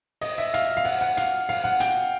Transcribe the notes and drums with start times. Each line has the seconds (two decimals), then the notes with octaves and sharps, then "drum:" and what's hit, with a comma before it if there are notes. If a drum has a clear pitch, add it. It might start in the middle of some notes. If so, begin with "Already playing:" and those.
0.21 D#5, drum: open hi-hat
0.38 E5
0.54 F5, drum: hi-hat
0.77 F5
0.85 F#5, drum: open hi-hat
1.01 F#5
1.17 F5, drum: hi-hat
1.49 F5, drum: open hi-hat
1.64 F#5
1.80 G5, drum: hi-hat